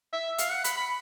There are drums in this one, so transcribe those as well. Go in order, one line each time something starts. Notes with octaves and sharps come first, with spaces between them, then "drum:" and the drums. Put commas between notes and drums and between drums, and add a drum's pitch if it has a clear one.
E5
F5, drum: hi-hat
F#5
B5, drum: hi-hat
B5